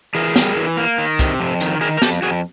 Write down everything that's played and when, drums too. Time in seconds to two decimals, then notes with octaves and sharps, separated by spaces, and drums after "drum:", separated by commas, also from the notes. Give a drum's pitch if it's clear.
0.15 E3 G#4 A#4
0.36 G3, drum: snare
0.57 E3
0.77 A#3
0.98 D#3
1.19 C3, drum: kick, hi-hat
1.40 F2
1.60 D#3, drum: hi-hat
1.81 D#3 G#4 A#4
1.97 A#4
2.02 F2 G4 A4, drum: snare
2.22 F2 F#4 G#4